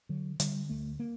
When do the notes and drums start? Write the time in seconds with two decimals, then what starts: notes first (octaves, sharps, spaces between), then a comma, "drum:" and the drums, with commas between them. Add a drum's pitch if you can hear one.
0.09 D3 F#3
0.40 D3 G3, drum: hi-hat
0.70 D2 A3
1.00 A#3